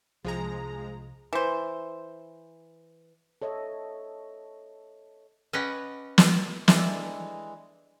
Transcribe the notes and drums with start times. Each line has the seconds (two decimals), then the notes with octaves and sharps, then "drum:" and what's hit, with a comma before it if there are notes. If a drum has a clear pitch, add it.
0.25 C2 F3 G#3 G#4 A#5
1.33 E3 C5
3.42 A4 C#5 D#5 E5
5.53 C#4 B4 D5 D#5 F#5 G5
6.18 drum: snare
6.68 E3 G#3 D4 A4 E5, drum: snare